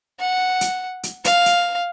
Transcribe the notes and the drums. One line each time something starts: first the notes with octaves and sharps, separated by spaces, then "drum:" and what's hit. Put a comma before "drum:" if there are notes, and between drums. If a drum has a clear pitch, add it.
F#5
drum: hi-hat
drum: hi-hat
F5, drum: hi-hat
drum: hi-hat